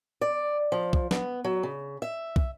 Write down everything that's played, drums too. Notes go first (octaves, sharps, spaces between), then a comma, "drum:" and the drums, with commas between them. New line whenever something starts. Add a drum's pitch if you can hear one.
D5
F3
drum: kick
B3, drum: snare
F#3
C#3
E5
drum: kick